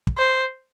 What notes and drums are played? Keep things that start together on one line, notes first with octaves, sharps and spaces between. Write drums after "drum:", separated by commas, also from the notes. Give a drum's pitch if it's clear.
drum: kick
C5